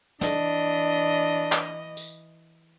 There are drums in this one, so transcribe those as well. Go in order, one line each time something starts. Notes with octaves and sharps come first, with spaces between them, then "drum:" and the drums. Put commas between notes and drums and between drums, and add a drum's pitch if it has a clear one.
E3 D4 D#5, drum: snare
drum: clap
drum: tambourine